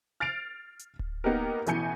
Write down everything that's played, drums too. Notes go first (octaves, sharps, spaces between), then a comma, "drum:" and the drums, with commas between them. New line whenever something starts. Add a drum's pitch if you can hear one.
F6 A6 C7 D7 F7
drum: hi-hat
drum: kick D1
A#3 B3 D#4 G4 A#4
A1 B2 E3 G#5 G6 C#7, drum: hi-hat